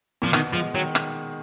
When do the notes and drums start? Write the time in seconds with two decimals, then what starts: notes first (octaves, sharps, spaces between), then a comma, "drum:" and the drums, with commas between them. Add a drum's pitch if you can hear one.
0.22 A#2 F3
0.33 B2 D#3, drum: rim click
0.53 F3 G#3
0.74 D#3 F#3
0.95 drum: rim click